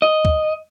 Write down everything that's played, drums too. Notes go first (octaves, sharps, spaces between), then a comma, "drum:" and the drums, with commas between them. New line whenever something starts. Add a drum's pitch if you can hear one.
D#5
drum: kick D2